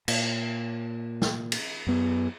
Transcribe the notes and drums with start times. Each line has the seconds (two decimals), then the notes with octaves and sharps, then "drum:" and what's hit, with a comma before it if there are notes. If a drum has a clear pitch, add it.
0.08 A#2, drum: cymbal
1.22 drum: snare
1.52 drum: cymbal
1.87 F#2 B3